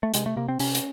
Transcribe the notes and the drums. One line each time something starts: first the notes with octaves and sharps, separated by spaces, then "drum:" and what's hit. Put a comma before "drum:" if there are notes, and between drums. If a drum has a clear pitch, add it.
A3
C3 G#3, drum: hi-hat
A3
C3 A#3
C4
C3 C#4, drum: open hi-hat
drum: hi-hat